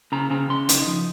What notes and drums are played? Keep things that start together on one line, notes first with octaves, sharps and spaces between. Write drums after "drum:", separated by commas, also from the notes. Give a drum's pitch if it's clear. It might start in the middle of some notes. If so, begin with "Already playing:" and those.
C#3 A#5
C#3 A#5
C#3 C6
D#4, drum: hi-hat
F3